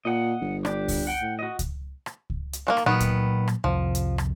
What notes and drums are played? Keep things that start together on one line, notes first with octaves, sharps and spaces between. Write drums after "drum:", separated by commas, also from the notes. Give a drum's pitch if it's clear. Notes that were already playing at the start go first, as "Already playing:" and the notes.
A#2 D#5 F#5
G1
D4 G4, drum: rim click
drum: kick C#2, open hi-hat
F#5 G5
A2
F#4 D#5
drum: kick C#2, hi-hat
drum: rim click
drum: kick C#2
drum: hi-hat
D#3 G#3 A#3
drum: rim click
A#2 D#3 F#3 B3
drum: kick C#2, hi-hat
drum: rim click
C2 F2 F3
drum: hi-hat
drum: rim click